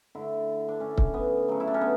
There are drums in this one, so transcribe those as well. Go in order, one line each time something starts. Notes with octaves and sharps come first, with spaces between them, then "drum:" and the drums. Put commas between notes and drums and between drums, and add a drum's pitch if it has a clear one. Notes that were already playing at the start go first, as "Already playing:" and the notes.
D3 A3 E4
D4
D3 A3 C#4
drum: kick C#1
B3
C#3 F#3 A3
E4
D4
C#4
B3